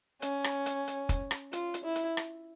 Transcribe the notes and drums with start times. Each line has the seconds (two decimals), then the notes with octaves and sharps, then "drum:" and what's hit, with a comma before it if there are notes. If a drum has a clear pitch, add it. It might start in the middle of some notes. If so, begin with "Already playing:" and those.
0.22 C#4, drum: hi-hat
0.44 drum: rim click
0.66 drum: hi-hat
0.88 drum: hi-hat
1.09 drum: kick, hi-hat
1.31 drum: rim click
1.53 F4, drum: hi-hat
1.74 drum: hi-hat
1.85 E4
1.95 drum: hi-hat
2.17 drum: rim click